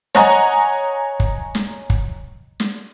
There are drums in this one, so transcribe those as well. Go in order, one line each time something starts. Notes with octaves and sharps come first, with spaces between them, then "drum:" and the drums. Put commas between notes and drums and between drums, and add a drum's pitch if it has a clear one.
C#5 D#5 F#5 G#5 A#5, drum: snare
drum: kick
drum: snare
drum: kick
drum: snare